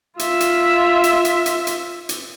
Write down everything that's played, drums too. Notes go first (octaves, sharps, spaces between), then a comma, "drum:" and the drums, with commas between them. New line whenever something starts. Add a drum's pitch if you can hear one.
F4 E5, drum: hi-hat
drum: hi-hat
drum: hi-hat
drum: hi-hat
drum: hi-hat
drum: hi-hat
drum: hi-hat